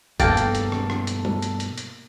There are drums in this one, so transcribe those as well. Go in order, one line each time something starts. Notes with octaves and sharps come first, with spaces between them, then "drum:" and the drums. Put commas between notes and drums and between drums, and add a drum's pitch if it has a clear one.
G2 B2 A#3 A4 G5 A6, drum: kick E1, hi-hat
drum: hi-hat
drum: hi-hat
drum: rim click
drum: rim click
drum: hi-hat
drum: tom G3
drum: hi-hat
drum: hi-hat
drum: hi-hat